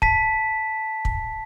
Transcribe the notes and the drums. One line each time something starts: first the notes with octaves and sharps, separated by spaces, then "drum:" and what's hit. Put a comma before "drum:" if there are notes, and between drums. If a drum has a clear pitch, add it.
A5 B6, drum: kick
drum: kick